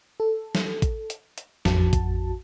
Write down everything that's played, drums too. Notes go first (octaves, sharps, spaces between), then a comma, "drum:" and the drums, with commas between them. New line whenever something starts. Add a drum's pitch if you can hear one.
A4
drum: snare
drum: kick A1, hi-hat
drum: hi-hat
drum: hi-hat
A1 F2 F#4 A5, drum: snare
drum: kick A1, hi-hat